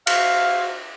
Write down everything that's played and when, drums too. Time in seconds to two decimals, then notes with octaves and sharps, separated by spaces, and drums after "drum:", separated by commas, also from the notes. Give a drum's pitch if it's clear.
0.07 F#4 C5 E5 F5, drum: cymbal